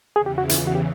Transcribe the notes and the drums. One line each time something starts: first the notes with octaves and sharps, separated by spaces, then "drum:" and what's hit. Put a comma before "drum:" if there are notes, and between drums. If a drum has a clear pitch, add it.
E2 C#3 E3 G#4
G4
F#4
E4, drum: hi-hat
F4
F#4
G4